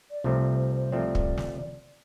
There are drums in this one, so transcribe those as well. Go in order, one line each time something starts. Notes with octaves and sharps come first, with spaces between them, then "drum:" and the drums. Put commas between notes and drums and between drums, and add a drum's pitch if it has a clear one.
D5
C2 C3 F3 A3 C4 C5
C5
C5
C5
C2 C3 F3 A3 C4 D5
drum: kick
drum: snare